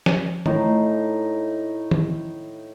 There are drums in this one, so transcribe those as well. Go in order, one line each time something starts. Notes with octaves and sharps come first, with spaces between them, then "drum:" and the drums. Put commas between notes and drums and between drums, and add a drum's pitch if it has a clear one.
drum: snare
A2 D#4, drum: tom
drum: tom